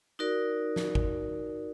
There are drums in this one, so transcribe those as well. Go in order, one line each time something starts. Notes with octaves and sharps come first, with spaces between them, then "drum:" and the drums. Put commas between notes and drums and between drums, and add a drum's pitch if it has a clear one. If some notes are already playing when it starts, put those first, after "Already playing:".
D#4 F#4 A#4 D5
drum: snare
drum: kick G#1